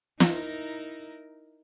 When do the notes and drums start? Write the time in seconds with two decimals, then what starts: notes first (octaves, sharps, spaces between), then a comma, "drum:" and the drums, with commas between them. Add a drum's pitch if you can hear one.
0.20 D#4 E4 A#4, drum: snare